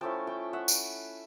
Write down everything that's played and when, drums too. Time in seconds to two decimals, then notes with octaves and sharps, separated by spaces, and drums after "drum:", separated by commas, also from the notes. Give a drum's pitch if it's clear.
0.01 F3 A3 C#4 E4 G5 A5
0.27 G5 A5
0.53 E5 F#5
0.68 drum: tambourine